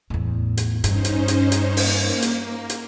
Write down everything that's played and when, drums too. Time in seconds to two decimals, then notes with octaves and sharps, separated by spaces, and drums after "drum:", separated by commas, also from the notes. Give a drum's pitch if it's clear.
0.10 E2 A2
0.57 drum: hi-hat
0.84 G2 C#4 D#4 C5, drum: hi-hat
1.05 drum: hi-hat
1.28 drum: hi-hat
1.52 drum: hi-hat
1.77 A#3, drum: open hi-hat
2.22 drum: hi-hat
2.69 drum: hi-hat